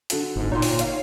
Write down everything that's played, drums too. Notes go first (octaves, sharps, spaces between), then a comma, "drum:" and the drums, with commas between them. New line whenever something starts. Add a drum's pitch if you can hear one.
D3 F#4 A4, drum: hi-hat
G1 G#2
A#2 D#4 C#5 G5 C6
drum: open hi-hat
C#5 F5, drum: hi-hat